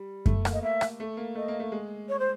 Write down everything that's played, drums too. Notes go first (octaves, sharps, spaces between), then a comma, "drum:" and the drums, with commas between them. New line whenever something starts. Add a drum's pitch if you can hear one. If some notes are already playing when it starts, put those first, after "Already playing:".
Already playing: G3
A3, drum: kick F#2
A#3, drum: rim click
D#5
A#3 E5
drum: rim click
A3
A#3
A3 D#5
A#3
A3
G#3
C#5
C5